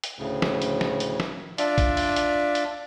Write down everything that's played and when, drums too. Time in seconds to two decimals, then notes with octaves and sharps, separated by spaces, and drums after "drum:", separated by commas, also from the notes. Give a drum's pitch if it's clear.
0.04 drum: hi-hat
0.19 D2 A2 C#3
0.42 drum: snare
0.62 drum: hi-hat
0.81 drum: snare
1.00 drum: hi-hat
1.20 drum: snare
1.58 D4 F4 D5 E5, drum: hi-hat
1.78 drum: kick, hi-hat
1.97 drum: open hi-hat
2.16 drum: hi-hat
2.55 drum: hi-hat